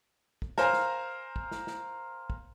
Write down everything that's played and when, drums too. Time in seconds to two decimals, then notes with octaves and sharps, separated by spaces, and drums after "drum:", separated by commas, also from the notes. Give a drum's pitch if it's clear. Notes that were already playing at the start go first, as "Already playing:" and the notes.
0.42 drum: kick
0.58 A#4 C5 F5 G#5 A#5, drum: snare
0.73 drum: snare
1.36 drum: kick
1.51 drum: snare
1.67 drum: snare
2.30 drum: kick